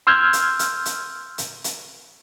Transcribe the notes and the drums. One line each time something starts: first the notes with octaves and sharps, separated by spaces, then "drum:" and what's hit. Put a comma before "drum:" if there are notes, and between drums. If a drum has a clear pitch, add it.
C6 E6 F6 G6 G#6
drum: hi-hat
drum: hi-hat
drum: hi-hat
drum: hi-hat
drum: hi-hat